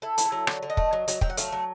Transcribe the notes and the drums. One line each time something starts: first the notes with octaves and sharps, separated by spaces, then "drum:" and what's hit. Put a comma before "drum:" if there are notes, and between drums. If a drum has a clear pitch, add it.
E4 A4
E4, drum: hi-hat
A4
F#3
D3, drum: rim click
D3
D#5
A3, drum: kick
F#3
F#3, drum: hi-hat
F#3 G5, drum: kick
F#5
A3 F5, drum: hi-hat
F#3